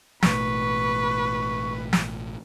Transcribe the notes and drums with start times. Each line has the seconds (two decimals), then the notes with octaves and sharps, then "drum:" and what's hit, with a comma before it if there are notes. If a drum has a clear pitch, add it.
0.23 A1 B2 A3 B4 C#6, drum: snare
1.93 drum: snare